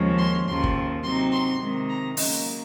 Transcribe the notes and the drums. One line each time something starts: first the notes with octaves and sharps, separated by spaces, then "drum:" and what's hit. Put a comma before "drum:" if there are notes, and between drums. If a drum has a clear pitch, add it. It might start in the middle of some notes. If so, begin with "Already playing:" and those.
Already playing: D#2 C#3 F3 G#3 C#4
C6
D#2 C#3 F3 C6
drum: kick
C3 F#3 C4 D#4 C6
C6
C3 D#3 G#3
A#5
C#3 F#3 A#3 D#5, drum: open hi-hat